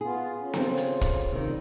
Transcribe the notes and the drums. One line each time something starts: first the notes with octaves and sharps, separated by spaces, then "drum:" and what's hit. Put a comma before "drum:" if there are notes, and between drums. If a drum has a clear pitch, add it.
B3 F4 G#4
C#4
C#3 C4 F4 A4, drum: snare B3
drum: hi-hat
drum: kick, hi-hat
C3 D#3
F2 G3